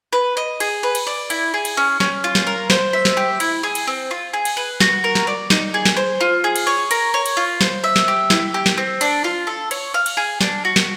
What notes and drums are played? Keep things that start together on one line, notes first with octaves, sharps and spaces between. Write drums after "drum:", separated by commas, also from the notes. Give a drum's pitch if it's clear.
B4
D#5
G#4, drum: cymbal
B4
drum: cymbal
D5
E4, drum: cymbal
G#4
drum: cymbal
C#4
C#4, drum: snare
F4
drum: snare
A#4
C5, drum: snare
E5
drum: snare
G4
E4, drum: cymbal
G#4
drum: cymbal
C4
F4
G#4
drum: cymbal
B4
F#4, drum: snare
A#4
drum: snare
D5
D#4, drum: snare
G#4
drum: snare
C5
F4
G#4
drum: cymbal
C#5
A#4, drum: cymbal
C#5
drum: cymbal
F4
C5, drum: snare
E5
drum: snare
G4
E4, drum: snare
G4
drum: snare
C4
D4, drum: cymbal
F4
A4
C#5, drum: cymbal
F5
drum: cymbal
G#4
D4, drum: snare
F#4
drum: snare